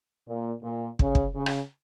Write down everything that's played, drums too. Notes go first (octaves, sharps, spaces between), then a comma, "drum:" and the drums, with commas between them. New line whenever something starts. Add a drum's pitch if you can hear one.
A#2
A#2
C#3, drum: kick
drum: kick
C#3
drum: rim click